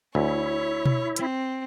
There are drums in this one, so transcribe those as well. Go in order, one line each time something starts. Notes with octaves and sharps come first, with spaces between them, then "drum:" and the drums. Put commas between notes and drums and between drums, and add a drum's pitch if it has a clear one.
D2 E4 C#5
drum: tom B2
C4, drum: hi-hat